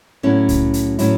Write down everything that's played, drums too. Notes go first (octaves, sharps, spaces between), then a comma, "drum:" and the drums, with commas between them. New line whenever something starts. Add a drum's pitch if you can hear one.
A2 F#3 C#4 E4
drum: kick C2, hi-hat
drum: hi-hat
A2 F#3 C#4 E4, drum: hi-hat